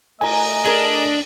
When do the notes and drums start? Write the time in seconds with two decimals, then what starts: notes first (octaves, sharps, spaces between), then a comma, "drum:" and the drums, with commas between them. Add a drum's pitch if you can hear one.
0.21 A3 D#5 G#5 A#5, drum: cymbal
0.65 D4 G#4 A#4